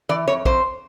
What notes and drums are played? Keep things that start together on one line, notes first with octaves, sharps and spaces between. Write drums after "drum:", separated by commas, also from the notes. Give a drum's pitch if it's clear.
E3 D5
F2 C#5
F2 C5, drum: kick